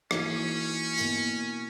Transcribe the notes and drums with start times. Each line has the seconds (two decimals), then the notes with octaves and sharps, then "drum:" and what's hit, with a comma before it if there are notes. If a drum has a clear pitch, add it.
0.11 E3 A#3 C#4 D#4 F#4, drum: rim click
0.97 B2 A#3 E4, drum: hi-hat